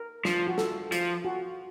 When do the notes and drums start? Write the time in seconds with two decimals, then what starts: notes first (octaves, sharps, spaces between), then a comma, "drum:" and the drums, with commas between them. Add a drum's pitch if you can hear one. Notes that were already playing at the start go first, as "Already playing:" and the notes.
Already playing: A#4
0.25 F3, drum: snare
0.47 F#4
0.58 A4, drum: snare
0.92 F3, drum: hi-hat
1.25 F#4